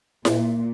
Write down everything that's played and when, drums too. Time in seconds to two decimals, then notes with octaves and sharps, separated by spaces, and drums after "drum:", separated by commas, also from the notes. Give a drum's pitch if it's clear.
0.25 A#2, drum: snare E4